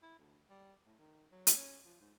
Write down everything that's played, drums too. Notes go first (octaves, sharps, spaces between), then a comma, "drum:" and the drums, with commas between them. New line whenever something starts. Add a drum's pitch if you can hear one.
E4
D2
G3
A2
D#3
F#3
drum: hi-hat
C#4
F3
G#2